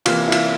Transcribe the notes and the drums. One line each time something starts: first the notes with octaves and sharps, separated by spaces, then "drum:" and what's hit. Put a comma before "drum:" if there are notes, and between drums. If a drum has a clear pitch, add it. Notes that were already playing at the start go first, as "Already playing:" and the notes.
C3 E3 A#3 F4, drum: cymbal
E4
F4, drum: cymbal